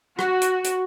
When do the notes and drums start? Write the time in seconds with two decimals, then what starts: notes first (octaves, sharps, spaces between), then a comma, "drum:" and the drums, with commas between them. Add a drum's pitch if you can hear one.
0.19 F#4, drum: rim click
0.42 drum: hi-hat
0.64 drum: hi-hat